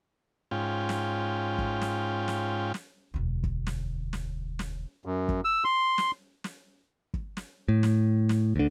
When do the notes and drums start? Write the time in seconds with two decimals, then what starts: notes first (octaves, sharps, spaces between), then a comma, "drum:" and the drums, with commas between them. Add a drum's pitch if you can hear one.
0.51 G#2 C#4 F4 G5
0.89 drum: snare
1.58 drum: kick
1.82 drum: snare
2.28 drum: snare
2.74 drum: snare
3.14 E1 D2
3.43 drum: kick
3.67 drum: snare
4.13 drum: snare
4.59 drum: snare
5.05 F#2
5.29 drum: kick
5.45 E6
5.64 C6
5.98 drum: snare
6.44 drum: snare
7.14 drum: kick
7.37 drum: snare
7.68 A2
7.83 drum: snare
8.29 drum: snare
8.56 D2 D3